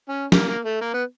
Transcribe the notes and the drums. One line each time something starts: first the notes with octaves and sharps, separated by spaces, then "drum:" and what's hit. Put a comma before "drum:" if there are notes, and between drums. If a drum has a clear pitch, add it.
C#4
A#3, drum: snare
A#3
A3
A#3
B3